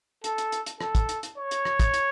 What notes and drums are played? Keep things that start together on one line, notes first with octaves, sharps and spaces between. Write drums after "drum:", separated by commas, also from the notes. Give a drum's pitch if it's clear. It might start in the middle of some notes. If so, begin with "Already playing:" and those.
A4, drum: hi-hat
drum: hi-hat
drum: hi-hat
drum: hi-hat
A4, drum: rim click
drum: kick, hi-hat
drum: hi-hat
drum: hi-hat
C#5
drum: hi-hat
drum: rim click
drum: kick, hi-hat
drum: hi-hat